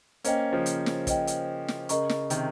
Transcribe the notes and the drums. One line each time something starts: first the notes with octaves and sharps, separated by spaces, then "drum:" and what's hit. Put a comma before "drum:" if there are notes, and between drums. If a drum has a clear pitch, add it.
A#3 C#4 C5 D#5 G5, drum: hi-hat
C#3 F3
drum: hi-hat
drum: snare
C5 D#5 G5, drum: kick, hi-hat
drum: hi-hat
drum: snare
C#3 A#4 D#5 A#5 C#6, drum: hi-hat
drum: snare
C3 D#3, drum: hi-hat